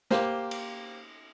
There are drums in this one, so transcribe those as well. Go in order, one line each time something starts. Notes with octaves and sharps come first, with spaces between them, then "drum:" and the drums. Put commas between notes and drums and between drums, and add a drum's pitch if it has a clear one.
A#3 G4 C5, drum: snare
drum: cymbal